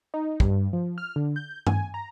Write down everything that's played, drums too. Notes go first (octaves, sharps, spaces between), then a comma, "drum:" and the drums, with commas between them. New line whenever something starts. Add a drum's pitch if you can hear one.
D#4
G2, drum: kick
F3
F6
D3
G6
G#5, drum: tom G2
A#5